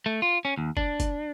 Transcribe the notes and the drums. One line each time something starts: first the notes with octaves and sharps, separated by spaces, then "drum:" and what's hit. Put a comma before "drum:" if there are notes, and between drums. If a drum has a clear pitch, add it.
A3
F4
C#4
D#2
D4, drum: kick
drum: kick, hi-hat